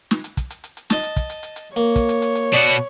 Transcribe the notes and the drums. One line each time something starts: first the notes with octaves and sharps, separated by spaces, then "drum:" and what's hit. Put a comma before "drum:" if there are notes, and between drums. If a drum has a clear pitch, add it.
drum: snare
drum: hi-hat
drum: kick, hi-hat
drum: hi-hat
drum: hi-hat
drum: hi-hat
D#5 A5, drum: snare
drum: hi-hat
drum: kick, hi-hat
drum: hi-hat
drum: hi-hat
drum: hi-hat
A#3 C#5
drum: kick, hi-hat
drum: hi-hat
drum: hi-hat
drum: hi-hat
B2 F#4 D5 B5 D#6